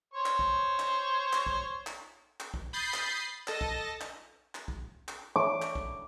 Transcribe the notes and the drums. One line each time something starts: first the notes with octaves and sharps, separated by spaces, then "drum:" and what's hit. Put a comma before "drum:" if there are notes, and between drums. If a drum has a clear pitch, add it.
C5 C#5 C#6
drum: clap
drum: kick
drum: clap
drum: clap
drum: kick
drum: clap
drum: clap
drum: kick
B5 D#6 G6 A6 C7
drum: clap
A4 D#5 A5 A#6, drum: clap
drum: kick
drum: clap
drum: clap
drum: kick
drum: clap
D6
drum: clap
drum: kick